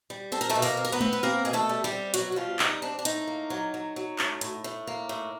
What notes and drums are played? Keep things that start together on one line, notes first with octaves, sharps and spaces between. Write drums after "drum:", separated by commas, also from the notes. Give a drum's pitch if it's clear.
G3
C4 A4
A#4
A3 A4
B2
A#3 A#4, drum: open hi-hat
C4
A#4
B3 B4
C4, drum: tom
B4
A#3 C4 A#4
B2 G#4
A3 A4
G3
G3 G4
C4
B2 F#3 F#4, drum: hi-hat
F#4
F3 G3 F4
G3 D#4, drum: clap
C4 D4
D4
A2 D#4, drum: hi-hat
A#3
F#3
F#3
F#3
A2, drum: clap
A2, drum: hi-hat
A2
A#3
A2